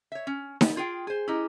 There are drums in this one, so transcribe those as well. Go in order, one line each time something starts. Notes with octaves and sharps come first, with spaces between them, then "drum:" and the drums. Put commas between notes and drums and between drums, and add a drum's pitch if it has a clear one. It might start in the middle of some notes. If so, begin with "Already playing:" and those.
C#5 E5
C#4
G3 B3, drum: snare D#4
F4 G#4 G5
G#4 C5 G#5
C#4 E4 G4 D#5 A#5